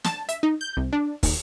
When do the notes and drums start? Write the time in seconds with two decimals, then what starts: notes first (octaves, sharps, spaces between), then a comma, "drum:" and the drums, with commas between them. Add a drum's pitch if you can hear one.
0.04 A5, drum: snare
0.29 E5, drum: hi-hat
0.43 D#4
0.61 G6
0.77 C2
0.93 D4
1.23 D#2, drum: kick, open hi-hat